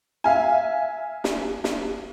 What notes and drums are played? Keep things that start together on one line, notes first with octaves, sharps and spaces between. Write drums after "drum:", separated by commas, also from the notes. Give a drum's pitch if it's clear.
E5 F5 G#5
drum: snare
drum: snare